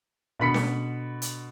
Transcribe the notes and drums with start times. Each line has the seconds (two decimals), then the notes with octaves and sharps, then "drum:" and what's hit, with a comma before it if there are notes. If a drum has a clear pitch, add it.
0.39 B2 D3 B5 B6 C#7
0.54 drum: snare C#4
1.22 drum: hi-hat